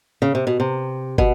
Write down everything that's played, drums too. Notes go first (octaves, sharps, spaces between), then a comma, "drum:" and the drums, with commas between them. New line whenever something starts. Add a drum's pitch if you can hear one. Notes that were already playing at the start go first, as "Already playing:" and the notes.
C#3
C3
B2
C3
B2, drum: kick